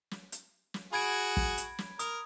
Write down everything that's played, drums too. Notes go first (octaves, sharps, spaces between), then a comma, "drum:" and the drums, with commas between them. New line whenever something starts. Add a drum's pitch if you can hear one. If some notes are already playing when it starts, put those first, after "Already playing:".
drum: snare
drum: hi-hat
drum: snare
F#4 G#4 B5 G#6 D7
drum: kick
drum: hi-hat
drum: snare
A#4 D#6, drum: hi-hat